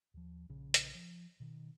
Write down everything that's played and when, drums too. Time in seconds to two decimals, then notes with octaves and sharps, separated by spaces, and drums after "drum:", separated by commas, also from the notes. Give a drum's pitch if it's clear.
0.14 D#2 F3
0.49 A#1 A#2 C#3
0.74 drum: hi-hat
0.95 F3
1.40 B2 D#3